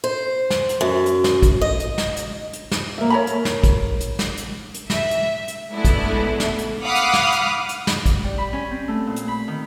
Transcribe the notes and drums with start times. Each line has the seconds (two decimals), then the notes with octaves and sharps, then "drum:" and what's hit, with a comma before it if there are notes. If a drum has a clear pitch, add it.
0.04 C5
0.50 drum: snare
0.69 drum: hi-hat
0.81 F#2
1.06 drum: hi-hat
1.24 drum: snare
1.43 drum: kick, hi-hat
1.61 D#5
1.79 drum: hi-hat
1.98 drum: snare
2.16 drum: hi-hat
2.53 drum: hi-hat
2.71 drum: snare
2.98 A#3 E5
3.10 A#4 C#5 A#5 B5
3.27 drum: hi-hat
3.45 drum: snare
3.64 drum: kick, hi-hat
4.00 drum: hi-hat
4.19 drum: snare
4.37 drum: hi-hat
4.74 drum: hi-hat
4.90 E5, drum: snare
5.11 drum: hi-hat
5.48 drum: hi-hat
5.72 G#3 A3 B3 D4 E4
5.85 drum: kick, hi-hat
6.40 drum: snare
6.58 drum: hi-hat
6.82 F5 F#5 B5 D6 D#6 F6
6.95 drum: hi-hat
7.14 drum: snare
7.32 drum: hi-hat
7.69 drum: hi-hat
7.87 drum: snare
8.06 drum: kick, hi-hat
8.24 G3
8.38 B5
8.53 C#4
8.71 C4
8.88 A3
9.07 A#2
9.16 drum: hi-hat
9.28 B5
9.48 D#3